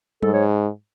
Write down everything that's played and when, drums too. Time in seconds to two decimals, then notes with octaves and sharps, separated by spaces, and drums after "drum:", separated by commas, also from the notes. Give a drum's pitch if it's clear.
0.23 G#2 A4, drum: tom F#3
0.33 C#5